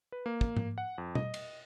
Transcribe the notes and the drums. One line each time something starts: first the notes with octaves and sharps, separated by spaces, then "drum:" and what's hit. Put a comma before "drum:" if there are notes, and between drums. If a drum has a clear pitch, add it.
B4
A#3
drum: kick
drum: tom G#2
F#5
F2
D#5, drum: tom B2
drum: cymbal